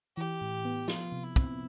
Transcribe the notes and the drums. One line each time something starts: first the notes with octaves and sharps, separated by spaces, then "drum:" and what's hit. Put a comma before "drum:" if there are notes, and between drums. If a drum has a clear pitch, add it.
E3 G4
A2
B3
F3 F4, drum: snare
C3
E4
C4, drum: kick